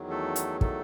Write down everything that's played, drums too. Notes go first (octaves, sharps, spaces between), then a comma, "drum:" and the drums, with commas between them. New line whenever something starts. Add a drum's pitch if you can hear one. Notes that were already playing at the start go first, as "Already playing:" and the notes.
Already playing: E2 D#3 F#3
A3 A4
drum: hi-hat
A3 A4, drum: kick